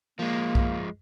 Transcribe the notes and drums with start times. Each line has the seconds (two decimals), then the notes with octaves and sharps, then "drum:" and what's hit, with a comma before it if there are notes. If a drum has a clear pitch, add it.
0.19 F3 G#3 A#3
0.55 drum: kick B1